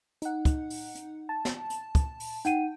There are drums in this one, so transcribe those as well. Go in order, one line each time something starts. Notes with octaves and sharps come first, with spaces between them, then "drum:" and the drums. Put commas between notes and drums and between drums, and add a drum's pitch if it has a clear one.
D#4 F#5, drum: hi-hat
drum: kick, hi-hat
drum: open hi-hat
drum: hi-hat
A5
drum: snare
drum: hi-hat
drum: kick, hi-hat
drum: open hi-hat
D#4 F#5 G5 D#7, drum: hi-hat